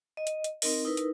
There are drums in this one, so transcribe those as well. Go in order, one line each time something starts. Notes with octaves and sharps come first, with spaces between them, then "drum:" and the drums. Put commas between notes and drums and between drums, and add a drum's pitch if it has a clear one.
D#5
drum: hi-hat
drum: hi-hat
C4 D#4 A#4 D#5, drum: open hi-hat
D#4 E4 A#4 B4
drum: hi-hat